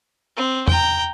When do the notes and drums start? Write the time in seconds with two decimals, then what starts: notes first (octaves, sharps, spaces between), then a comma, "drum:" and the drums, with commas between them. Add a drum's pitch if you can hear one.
0.37 C4
0.68 G5 A#5, drum: tom